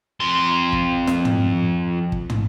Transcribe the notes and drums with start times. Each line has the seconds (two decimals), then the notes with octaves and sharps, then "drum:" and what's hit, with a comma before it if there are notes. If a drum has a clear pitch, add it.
0.20 F2 C6
0.73 drum: kick
1.08 drum: snare
1.25 drum: tom
2.12 drum: kick
2.30 drum: tom